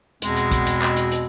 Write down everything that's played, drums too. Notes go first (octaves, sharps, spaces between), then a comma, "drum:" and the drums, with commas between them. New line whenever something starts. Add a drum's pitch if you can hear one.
E2 B2 G#3 C4, drum: hi-hat
drum: hi-hat
drum: kick, hi-hat
drum: hi-hat
drum: clap
drum: hi-hat
drum: hi-hat